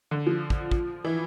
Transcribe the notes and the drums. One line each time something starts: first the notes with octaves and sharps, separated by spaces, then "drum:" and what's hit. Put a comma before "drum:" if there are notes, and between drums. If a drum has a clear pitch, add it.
D3
F3
drum: kick
drum: kick
E3